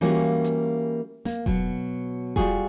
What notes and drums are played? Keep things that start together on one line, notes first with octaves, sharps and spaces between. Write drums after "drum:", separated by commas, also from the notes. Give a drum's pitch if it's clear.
E3 G3 A#3 C#4 F4 F#4
drum: hi-hat
A#3, drum: snare
B2 F#3, drum: kick E1
G3 F4 F#4 G#4, drum: kick E1